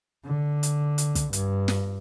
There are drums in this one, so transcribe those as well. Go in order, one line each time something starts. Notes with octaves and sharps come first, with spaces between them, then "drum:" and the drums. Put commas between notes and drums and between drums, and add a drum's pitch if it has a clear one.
D3
drum: hi-hat
drum: hi-hat
drum: kick, hi-hat
G2, drum: hi-hat
drum: snare